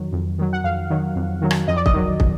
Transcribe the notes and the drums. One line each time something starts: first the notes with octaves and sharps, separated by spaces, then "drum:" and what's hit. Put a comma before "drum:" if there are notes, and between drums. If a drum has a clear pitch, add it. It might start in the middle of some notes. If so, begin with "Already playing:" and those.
Already playing: F2 D#3 F#3
F2
D#3 F#3
F#5
F2 F5
D#3 F#3
F2
D#3 F#3
drum: rim click
F2 D#5
D5
D#5, drum: kick
D#3 F#3
drum: kick